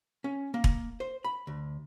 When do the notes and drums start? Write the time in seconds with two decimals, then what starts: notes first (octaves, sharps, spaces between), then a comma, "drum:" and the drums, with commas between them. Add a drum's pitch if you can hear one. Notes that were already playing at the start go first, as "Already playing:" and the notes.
0.24 C#4
0.54 A#3
0.64 drum: kick E1
1.00 C5
1.24 B5
1.47 D2